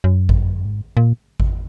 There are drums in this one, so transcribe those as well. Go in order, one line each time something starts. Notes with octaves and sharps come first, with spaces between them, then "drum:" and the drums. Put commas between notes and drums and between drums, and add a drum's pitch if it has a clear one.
F#2
drum: kick G#1
G#2
A#2
drum: kick G#1